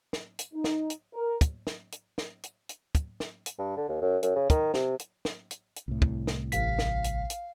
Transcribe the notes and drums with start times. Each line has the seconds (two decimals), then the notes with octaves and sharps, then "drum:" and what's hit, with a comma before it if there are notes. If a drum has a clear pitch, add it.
0.13 drum: snare
0.39 drum: hi-hat
0.54 D#4
0.64 drum: snare
0.90 drum: hi-hat
1.14 A#4
1.41 drum: kick, hi-hat
1.67 drum: snare
1.92 drum: hi-hat
2.18 drum: snare
2.43 drum: hi-hat
2.69 drum: hi-hat
2.95 drum: kick, hi-hat
3.20 drum: snare
3.46 drum: hi-hat
3.59 G2
3.77 D3
3.89 D#2
4.01 F#2
4.23 F#2, drum: hi-hat
4.36 C#3
4.50 D#3, drum: kick, hi-hat
4.74 C3, drum: snare
4.99 drum: hi-hat
5.25 drum: snare
5.51 drum: hi-hat
5.76 drum: hi-hat
5.88 C2 A2
6.02 drum: kick
6.27 drum: snare
6.52 A1 F5 B6, drum: hi-hat
6.79 drum: snare
7.04 drum: hi-hat
7.30 drum: hi-hat